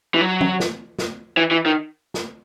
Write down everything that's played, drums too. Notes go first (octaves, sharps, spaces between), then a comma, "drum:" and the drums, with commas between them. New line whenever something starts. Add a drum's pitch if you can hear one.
E3
F#3
drum: tom
drum: snare
drum: snare
E3
E3
D#3
drum: snare